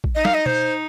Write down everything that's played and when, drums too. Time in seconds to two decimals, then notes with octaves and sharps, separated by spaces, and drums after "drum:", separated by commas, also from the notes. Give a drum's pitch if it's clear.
0.04 drum: kick A1
0.15 D#4 D#5
0.25 F5, drum: snare
0.34 D#5
0.46 C5, drum: tom B2